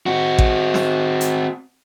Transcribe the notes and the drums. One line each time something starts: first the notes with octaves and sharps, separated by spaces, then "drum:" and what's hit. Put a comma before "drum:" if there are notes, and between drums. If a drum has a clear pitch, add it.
C4 F#4
drum: kick A1
drum: snare
drum: hi-hat